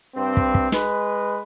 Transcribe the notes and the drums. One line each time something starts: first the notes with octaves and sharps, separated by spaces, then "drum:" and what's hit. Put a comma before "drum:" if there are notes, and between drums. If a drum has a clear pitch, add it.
G2 C4
drum: kick
drum: kick
G#3 B4, drum: snare